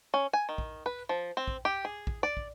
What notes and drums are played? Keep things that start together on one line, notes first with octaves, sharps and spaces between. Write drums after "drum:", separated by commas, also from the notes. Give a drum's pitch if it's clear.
C#4
G#5
D#3
drum: kick
B4
F3
C4
drum: kick
G4
G#4
drum: kick
D5
drum: kick